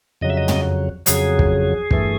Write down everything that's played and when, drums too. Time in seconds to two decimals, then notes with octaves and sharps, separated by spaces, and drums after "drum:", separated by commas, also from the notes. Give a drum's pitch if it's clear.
0.21 F2 C#3 F#3 D#5
0.30 E5
0.37 D#5
0.48 drum: tom
1.06 F2 C#3 F#3 G#4, drum: hi-hat
1.39 drum: kick
1.91 G2 E3 A3, drum: kick